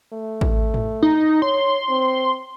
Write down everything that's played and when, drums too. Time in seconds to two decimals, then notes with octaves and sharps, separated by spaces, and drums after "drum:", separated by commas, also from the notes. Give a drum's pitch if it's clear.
0.13 A3
0.41 drum: kick
0.74 drum: tom G#2
1.03 D#4
1.42 C#5 C6
1.89 C4